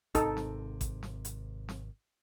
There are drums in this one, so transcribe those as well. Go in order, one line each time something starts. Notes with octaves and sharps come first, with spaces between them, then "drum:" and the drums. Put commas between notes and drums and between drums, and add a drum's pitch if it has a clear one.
G#1 C3 D#4 A4, drum: kick A1, hi-hat
drum: snare
drum: kick A1, hi-hat
drum: snare
drum: hi-hat
drum: snare